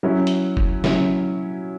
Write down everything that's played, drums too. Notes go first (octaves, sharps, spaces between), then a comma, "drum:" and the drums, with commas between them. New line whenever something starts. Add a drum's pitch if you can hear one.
F#3 C#4 E4
drum: hi-hat
drum: kick F1
F#3 C#4 E4, drum: snare